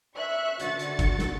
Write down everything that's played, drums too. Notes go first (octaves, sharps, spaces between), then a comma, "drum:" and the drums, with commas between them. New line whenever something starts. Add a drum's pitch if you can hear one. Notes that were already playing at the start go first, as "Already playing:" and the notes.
E5 C#6 F#6
D3 F#4 A6 C#7, drum: hi-hat
drum: hi-hat
drum: kick G1, hi-hat
drum: snare